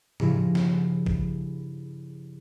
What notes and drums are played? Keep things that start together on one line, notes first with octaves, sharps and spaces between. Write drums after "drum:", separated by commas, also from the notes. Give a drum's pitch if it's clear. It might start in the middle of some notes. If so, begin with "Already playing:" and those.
G2 C#3 F3 E4 A#6, drum: tom A2
drum: snare
drum: kick